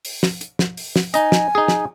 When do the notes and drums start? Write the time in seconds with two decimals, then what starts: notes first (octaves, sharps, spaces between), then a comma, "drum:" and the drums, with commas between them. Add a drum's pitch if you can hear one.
0.05 drum: open hi-hat
0.23 drum: snare
0.41 drum: hi-hat
0.59 drum: snare
0.77 drum: open hi-hat
0.96 drum: snare
1.14 D#4 D#5 G#5, drum: hi-hat
1.32 drum: snare
1.55 D#4 G#4
1.68 drum: snare